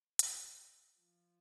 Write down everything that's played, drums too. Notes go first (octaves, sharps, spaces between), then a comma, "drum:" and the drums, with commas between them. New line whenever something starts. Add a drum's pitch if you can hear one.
drum: hi-hat
F3